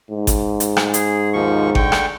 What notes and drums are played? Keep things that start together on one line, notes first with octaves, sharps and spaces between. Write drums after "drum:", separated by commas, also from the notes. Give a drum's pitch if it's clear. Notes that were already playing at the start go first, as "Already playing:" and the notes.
G#2
drum: kick G#1, hi-hat
drum: hi-hat
drum: rim click
G#4, drum: hi-hat
D#2 F3 C#6
D3 G5 C#6, drum: kick G#1
drum: rim click